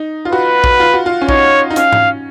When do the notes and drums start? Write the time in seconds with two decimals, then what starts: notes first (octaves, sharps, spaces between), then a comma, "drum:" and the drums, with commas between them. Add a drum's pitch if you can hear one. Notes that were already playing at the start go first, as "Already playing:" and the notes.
Already playing: D#4
0.25 F4
0.32 F#4 B4
0.64 drum: kick A#1
0.80 F4
0.94 F#4
1.06 F4
1.21 C#4
1.29 D#4 C#5, drum: kick A#1
1.70 D#4
1.76 C#4 F5, drum: hi-hat
1.93 drum: tom G#2